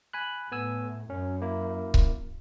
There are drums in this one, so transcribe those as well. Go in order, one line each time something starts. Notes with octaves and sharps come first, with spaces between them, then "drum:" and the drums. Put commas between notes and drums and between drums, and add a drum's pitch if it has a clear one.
G#5 B5 F#6
A2 B3 G#5 E6
F#2 C#4
A#3 E4
drum: kick C#1